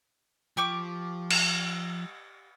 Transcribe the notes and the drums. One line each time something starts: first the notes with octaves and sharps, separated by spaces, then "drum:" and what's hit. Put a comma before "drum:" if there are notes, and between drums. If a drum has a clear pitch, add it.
F3 G4 C#6 D6
drum: cymbal